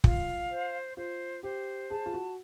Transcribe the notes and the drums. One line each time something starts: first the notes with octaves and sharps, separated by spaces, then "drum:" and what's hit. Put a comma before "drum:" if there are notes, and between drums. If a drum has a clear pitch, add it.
F4 F5, drum: kick
C5
F4 C5
G4 C5
G#4 A5
F4
F#4